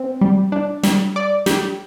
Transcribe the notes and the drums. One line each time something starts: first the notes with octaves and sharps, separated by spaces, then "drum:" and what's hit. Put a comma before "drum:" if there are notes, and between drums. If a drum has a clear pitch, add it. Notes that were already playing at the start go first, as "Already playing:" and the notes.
Already playing: C4
G3
D4
G3, drum: snare
D5
G4, drum: snare